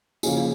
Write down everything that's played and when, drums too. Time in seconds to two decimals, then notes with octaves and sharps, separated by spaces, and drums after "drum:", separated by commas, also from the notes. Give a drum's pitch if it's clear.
0.23 C#3 F3 A#3 C#4 G#4, drum: tambourine